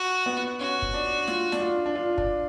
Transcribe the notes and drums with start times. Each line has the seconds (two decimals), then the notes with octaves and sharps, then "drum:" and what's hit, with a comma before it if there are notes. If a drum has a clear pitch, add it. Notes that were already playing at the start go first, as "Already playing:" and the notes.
Already playing: F#4
0.26 B3
0.60 C#4 F#4
0.82 drum: kick
0.94 D4
1.27 F4, drum: snare
1.52 D4, drum: snare
1.61 F4
1.86 D4
1.95 F4
2.18 D4, drum: kick